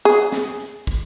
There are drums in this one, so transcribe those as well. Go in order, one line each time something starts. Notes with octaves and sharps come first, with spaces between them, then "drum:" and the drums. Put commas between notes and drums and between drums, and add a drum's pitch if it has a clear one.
G#4, drum: hi-hat
drum: snare
drum: hi-hat
drum: kick, hi-hat